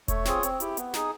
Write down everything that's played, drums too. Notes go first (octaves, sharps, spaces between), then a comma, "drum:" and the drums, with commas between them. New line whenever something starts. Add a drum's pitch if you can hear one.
A3 C#5, drum: kick E1, hi-hat
C4 F4 G#4, drum: snare
C4, drum: hi-hat
E4 G4, drum: hi-hat
B3, drum: hi-hat
D#4 G#4, drum: snare